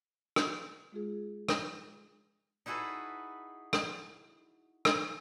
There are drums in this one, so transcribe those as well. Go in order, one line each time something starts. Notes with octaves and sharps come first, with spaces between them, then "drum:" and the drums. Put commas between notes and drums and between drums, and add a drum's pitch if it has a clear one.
drum: rim click
G#3 F4 G#4
drum: rim click
D#4 E4 F#4 G#4 A4 B4
drum: rim click
drum: rim click